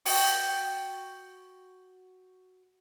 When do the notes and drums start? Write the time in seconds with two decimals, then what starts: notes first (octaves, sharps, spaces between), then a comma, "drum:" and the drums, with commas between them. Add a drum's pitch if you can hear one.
0.06 F#4 G5, drum: open hi-hat